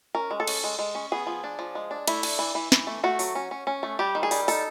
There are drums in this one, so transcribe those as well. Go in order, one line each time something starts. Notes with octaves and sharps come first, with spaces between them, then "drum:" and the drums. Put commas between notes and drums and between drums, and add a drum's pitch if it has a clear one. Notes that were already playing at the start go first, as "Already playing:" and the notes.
C#4 A#4
G#3
A4
C#4, drum: cymbal
G#3
G#3
C#4
B3 G#4
F3
D4
F3
G#3
D4
A3 E4, drum: cymbal
D4, drum: cymbal
E3
E3
E3, drum: snare
A3
A3 F#4
F#3, drum: open hi-hat
C#4
C#4
C#4
A3
G3 G4
D#3
G#4
G3, drum: open hi-hat
D#4 A4, drum: open hi-hat